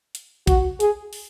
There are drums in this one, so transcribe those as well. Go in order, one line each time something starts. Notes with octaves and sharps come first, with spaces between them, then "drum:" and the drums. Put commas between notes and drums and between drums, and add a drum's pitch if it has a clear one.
drum: hi-hat
F#4, drum: kick A#1, hi-hat
G#4, drum: hi-hat
drum: open hi-hat